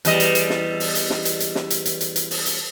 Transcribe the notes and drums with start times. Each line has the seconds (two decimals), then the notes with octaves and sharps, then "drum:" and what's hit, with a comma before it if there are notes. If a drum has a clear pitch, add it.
0.05 E2 G3 D#5, drum: hi-hat
0.20 drum: hi-hat
0.35 drum: hi-hat
0.50 drum: snare
0.80 drum: open hi-hat
0.95 drum: hi-hat
1.10 drum: snare
1.25 drum: hi-hat
1.40 drum: hi-hat
1.55 drum: snare
1.70 drum: hi-hat
1.85 drum: hi-hat
2.01 drum: hi-hat
2.16 drum: hi-hat
2.31 drum: open hi-hat
2.46 drum: hi-hat